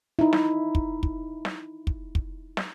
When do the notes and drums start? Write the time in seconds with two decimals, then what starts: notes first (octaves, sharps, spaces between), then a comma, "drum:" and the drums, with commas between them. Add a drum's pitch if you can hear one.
0.19 D#4 E4
0.33 drum: snare
0.75 drum: kick
1.03 drum: kick
1.45 drum: snare
1.87 drum: kick
2.15 drum: kick
2.57 drum: snare